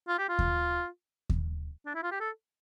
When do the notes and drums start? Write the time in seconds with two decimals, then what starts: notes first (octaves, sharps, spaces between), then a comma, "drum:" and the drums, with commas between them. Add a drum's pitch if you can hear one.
0.08 F4
0.19 G4
0.29 F4
0.39 drum: kick D#2
1.30 drum: kick D#2
1.86 D4
1.95 E4
2.03 F4
2.12 G4
2.21 A4